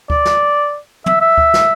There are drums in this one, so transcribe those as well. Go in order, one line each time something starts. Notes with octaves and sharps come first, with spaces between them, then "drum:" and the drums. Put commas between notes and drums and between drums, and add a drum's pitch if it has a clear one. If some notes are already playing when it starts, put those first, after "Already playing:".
D5, drum: kick D2
drum: snare
E5, drum: tom
E5
drum: kick D2
drum: snare